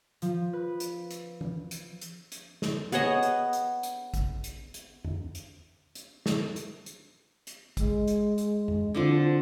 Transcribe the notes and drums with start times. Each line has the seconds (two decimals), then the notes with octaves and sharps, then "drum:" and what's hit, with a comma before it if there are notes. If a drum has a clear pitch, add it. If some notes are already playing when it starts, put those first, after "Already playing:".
0.22 F3, drum: hi-hat
0.53 B4
0.80 drum: hi-hat
1.11 drum: hi-hat
1.41 drum: tom
1.71 drum: hi-hat
2.01 drum: hi-hat
2.32 drum: hi-hat
2.62 drum: snare
2.92 B3 G#4 C#5 D#5, drum: hi-hat
3.23 drum: hi-hat
3.53 drum: hi-hat
3.83 drum: hi-hat
4.14 drum: kick, hi-hat
4.44 drum: hi-hat
4.74 drum: hi-hat
5.04 drum: tom F2
5.35 drum: hi-hat
5.95 drum: hi-hat
6.26 drum: snare
6.56 drum: hi-hat
6.86 drum: hi-hat
7.47 drum: hi-hat
7.77 G#3, drum: kick, hi-hat
8.08 drum: hi-hat
8.38 drum: hi-hat
8.68 drum: tom F2
8.95 D3 F3 C4 F4